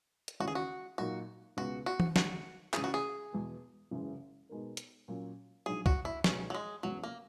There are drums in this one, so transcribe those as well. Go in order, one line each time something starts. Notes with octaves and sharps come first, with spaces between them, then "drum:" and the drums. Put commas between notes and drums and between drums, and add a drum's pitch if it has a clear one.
drum: hi-hat
D#2 C#3 E3 F#4
G#4
F#4
A#2 F#3 A#3 D#4 F#4 A#4
C#2 B2 G#3 B3 F#4
F#4
drum: tom E3
D#2 D#3 G#3 F#4, drum: snare
C#2 C#3 E3 G#4, drum: clap
F#4
G#4
E2 B2 G#3
F#1 F#2 E3 G#3
B2 G#3 D#4 A#4
drum: hi-hat
A#2 F#3 C#4
A#1 G#2 F#3 G#4
F#4, drum: kick
E4
B1 B2 G#3 B3 C#4 D#4, drum: snare
F#3
G#3
F#1 E2 C#3 F#3 G#3
A#3